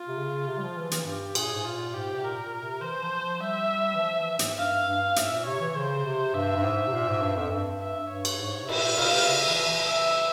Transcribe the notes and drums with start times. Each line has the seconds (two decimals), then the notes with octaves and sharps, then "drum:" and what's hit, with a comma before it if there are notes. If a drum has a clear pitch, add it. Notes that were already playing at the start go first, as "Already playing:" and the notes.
Already playing: F4
0.08 C3
0.18 C#3
0.48 C3
0.58 G3
0.63 F3
0.77 E3
0.91 E3, drum: hi-hat
1.06 G2 G4
1.35 A#2 G#4, drum: cymbal
1.54 G#2
1.65 A#2 F4
1.94 G#2 G4
2.14 C3
2.23 A#2 A#4
2.43 A#2
2.63 C3
2.82 E3 C5
3.02 F3
3.21 F3
3.40 G3 E5
3.95 E3
3.99 F3
4.20 E3
4.39 G#2, drum: hi-hat
4.58 G2 F5
4.87 G2
5.16 G#2 E5, drum: hi-hat
5.31 A#2
5.46 C3 C#5
5.60 E3
5.75 C#3 C5
6.05 C3
6.34 G2 E5
6.56 G2
6.64 G#2
6.87 C3
6.93 A#2
7.08 G#2
7.22 G2
7.37 F2
7.52 G2
7.80 E5
8.09 G2 C#5
8.25 drum: cymbal
8.39 G#2
8.62 C3
8.69 A#2 E5, drum: cymbal
8.97 C3 F5, drum: cymbal
9.27 C#3 E5
9.47 E3
9.66 E3
9.86 E5